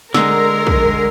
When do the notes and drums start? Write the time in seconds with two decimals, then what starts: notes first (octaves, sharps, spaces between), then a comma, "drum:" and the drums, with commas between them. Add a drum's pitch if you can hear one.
0.14 D3 G#3 A#4 E6, drum: snare
0.67 drum: kick